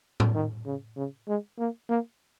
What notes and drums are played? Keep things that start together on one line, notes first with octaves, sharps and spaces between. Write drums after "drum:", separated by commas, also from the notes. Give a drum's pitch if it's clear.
drum: tom A2
D#3
C#3
C#3
G#3
A#3
A#3